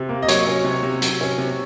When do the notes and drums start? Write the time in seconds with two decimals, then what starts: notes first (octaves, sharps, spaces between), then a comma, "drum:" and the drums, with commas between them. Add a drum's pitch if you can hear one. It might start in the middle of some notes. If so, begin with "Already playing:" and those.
Already playing: C3
0.09 A#3
0.22 D#5
0.28 F#3 C#5, drum: hi-hat
0.47 C#4
0.64 C3
0.83 C3
1.02 F#3, drum: hi-hat
1.21 C#4
1.38 C3